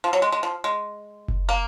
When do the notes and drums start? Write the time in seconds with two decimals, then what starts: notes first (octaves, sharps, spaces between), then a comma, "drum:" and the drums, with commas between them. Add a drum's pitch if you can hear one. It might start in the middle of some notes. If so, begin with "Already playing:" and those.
0.04 F3
0.13 F#3
0.22 G#3
0.32 G#3
0.43 F3
0.64 G#3
1.28 drum: kick F#1
1.49 A#3